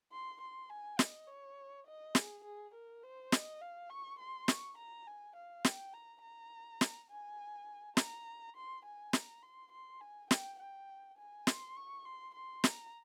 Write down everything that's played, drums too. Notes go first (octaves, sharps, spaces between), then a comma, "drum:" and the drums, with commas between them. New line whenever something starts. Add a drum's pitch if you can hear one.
C6
C6
G#5
D#5, drum: snare
C#5
D#5
G#4, drum: snare
G#4
A#4
C5
D#5, drum: snare
F5
C#6
C6
C#6, drum: snare
A#5
G#5
F5
G5, drum: snare
A#5
A#5
drum: snare
G#5
A#5, drum: snare
C6
G#5
A#5, drum: snare
C6
C6
G#5
G5, drum: snare
G5
G#5
C6, drum: snare
C#6
C6
C6
A#5, drum: snare